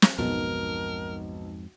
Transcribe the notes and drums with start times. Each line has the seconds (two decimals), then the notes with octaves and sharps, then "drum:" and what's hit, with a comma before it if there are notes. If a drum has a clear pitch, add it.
0.02 drum: snare
0.19 B1 F2 G#2 A#4